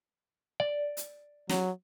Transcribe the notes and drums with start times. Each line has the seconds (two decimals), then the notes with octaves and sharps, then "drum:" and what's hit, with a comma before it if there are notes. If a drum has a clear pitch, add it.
0.60 D5
0.97 drum: hi-hat
1.49 F#3, drum: snare